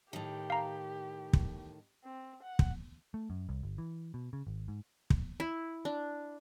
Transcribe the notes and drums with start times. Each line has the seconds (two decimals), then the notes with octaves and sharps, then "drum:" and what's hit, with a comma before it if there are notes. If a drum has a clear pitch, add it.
0.13 A2 D#3 G4
0.50 F5 A#5
1.33 drum: kick
2.04 C4
2.43 F#5
2.59 drum: kick
3.14 A3
3.30 F#2
3.49 C2
3.63 G1
3.78 E3
4.14 B2
4.33 C#3
4.47 G#1
4.68 G#2
5.10 drum: kick
5.40 E4
5.85 D4